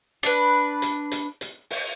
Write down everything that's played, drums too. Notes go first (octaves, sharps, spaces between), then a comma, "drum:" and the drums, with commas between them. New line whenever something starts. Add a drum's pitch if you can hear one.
D4 B4, drum: hi-hat
drum: hi-hat
drum: hi-hat
drum: hi-hat
drum: open hi-hat